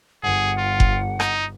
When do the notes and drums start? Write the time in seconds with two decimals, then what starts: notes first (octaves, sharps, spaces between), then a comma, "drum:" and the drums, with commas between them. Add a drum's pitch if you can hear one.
0.23 G1 G#4 F#5
0.58 F4
0.80 drum: kick F#1
1.20 D#4, drum: rim click